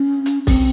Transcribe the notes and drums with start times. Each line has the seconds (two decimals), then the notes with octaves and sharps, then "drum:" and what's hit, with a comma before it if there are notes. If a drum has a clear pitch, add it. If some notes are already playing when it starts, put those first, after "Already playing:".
Already playing: C#4
0.26 drum: hi-hat
0.47 C4, drum: kick, open hi-hat